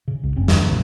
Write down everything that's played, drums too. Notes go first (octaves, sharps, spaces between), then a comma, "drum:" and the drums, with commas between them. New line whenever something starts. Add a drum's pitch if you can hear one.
C#3
C#2
F#1 C4 C#4
F2 D4, drum: snare
A#1 D3 F#3 A#3